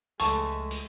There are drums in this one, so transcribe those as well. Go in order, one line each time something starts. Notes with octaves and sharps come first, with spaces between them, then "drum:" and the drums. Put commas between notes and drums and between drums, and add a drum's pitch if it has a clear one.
C#2 F3 G#3 A3 A5 C#6, drum: hi-hat
drum: hi-hat